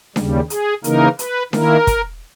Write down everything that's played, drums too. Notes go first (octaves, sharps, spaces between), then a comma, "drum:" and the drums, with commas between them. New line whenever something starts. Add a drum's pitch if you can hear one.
D#2 C#3 G3, drum: snare D4
G#4, drum: hi-hat
C#3 E3 A#3 D#4 A#4, drum: hi-hat
B4, drum: hi-hat
D#3 A#3 E4 A#4, drum: snare D4
drum: kick, hi-hat